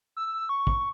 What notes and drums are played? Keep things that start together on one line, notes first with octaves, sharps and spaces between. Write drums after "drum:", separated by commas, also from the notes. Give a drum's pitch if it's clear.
E6
C#6
drum: kick